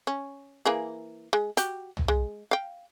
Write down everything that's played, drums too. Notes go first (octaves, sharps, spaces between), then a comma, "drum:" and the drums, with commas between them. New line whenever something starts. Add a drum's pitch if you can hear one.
C#4
E3 A#3 G#4
G#3
F#4 G4, drum: hi-hat
drum: tom C2
G#3
F5 G5